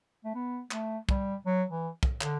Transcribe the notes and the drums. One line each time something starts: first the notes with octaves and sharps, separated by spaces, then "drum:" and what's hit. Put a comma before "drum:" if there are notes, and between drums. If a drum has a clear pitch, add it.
A3
B3
A3, drum: clap
G3, drum: kick
F#3
E3
drum: kick
D3, drum: clap